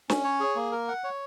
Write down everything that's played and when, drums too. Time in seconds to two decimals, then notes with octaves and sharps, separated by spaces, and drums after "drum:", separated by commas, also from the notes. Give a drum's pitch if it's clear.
0.10 C#4, drum: snare
0.24 C#5
0.40 G#4
0.56 A#3
0.72 A#4
0.88 F#5
1.04 C#5